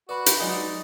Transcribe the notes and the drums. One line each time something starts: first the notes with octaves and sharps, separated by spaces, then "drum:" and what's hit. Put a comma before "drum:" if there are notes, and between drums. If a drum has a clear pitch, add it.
F#4 B4 D5 B5
drum: hi-hat
F#3 G#3 D#4 G#4 D5